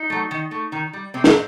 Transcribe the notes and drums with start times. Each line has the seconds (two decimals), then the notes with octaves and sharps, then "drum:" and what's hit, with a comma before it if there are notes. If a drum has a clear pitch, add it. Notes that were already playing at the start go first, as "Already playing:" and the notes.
Already playing: D#4
0.10 F#3 A3
0.31 D#3
0.51 A3
0.72 D#3
0.93 G3
1.14 C3 C4
1.24 drum: snare